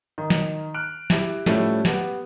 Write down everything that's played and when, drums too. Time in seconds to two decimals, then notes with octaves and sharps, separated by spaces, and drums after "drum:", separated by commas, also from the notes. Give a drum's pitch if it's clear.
0.18 D#3
0.30 drum: snare
0.74 F6 F#6 D7
1.10 E4 G4, drum: snare
1.46 A2 F3 G3 A3 C#4 E4, drum: snare
1.85 B3 G4, drum: snare